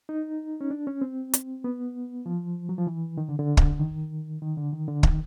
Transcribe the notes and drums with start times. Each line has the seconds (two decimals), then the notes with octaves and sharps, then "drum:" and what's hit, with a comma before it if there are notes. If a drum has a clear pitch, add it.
0.09 D#4
0.61 C#4
0.71 D4
0.87 C#4
1.01 C4
1.34 drum: hi-hat
1.64 B3
2.26 F3
2.69 F#3
2.78 F3
2.87 E3
3.18 D#3
3.29 D3
3.39 D3
3.57 drum: kick
3.79 D#3
4.42 D#3
4.57 D3
4.73 D#3
4.88 D3
5.03 D#3, drum: kick